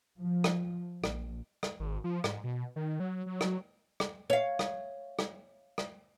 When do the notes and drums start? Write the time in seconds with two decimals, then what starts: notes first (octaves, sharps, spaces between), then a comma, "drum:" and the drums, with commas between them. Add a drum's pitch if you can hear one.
0.20 F3
0.44 drum: rim click
1.04 A#1, drum: rim click
1.63 drum: rim click
1.80 G#1
2.04 F3
2.24 G#2, drum: rim click
2.44 B2
2.76 D#3
3.00 F#3
3.26 F#3
3.41 drum: rim click
4.00 drum: rim click
4.30 C#5 F5
4.59 drum: rim click
5.19 drum: rim click
5.78 drum: rim click